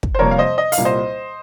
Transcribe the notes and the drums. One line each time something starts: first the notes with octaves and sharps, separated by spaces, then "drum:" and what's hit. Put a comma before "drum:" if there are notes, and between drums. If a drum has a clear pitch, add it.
drum: kick
C5
F2 C3 G3 A#3 A#4 C#5
F5
C5 D#5
D#5
F5, drum: open hi-hat
C2 A#2 G3 A#3
C5 D#5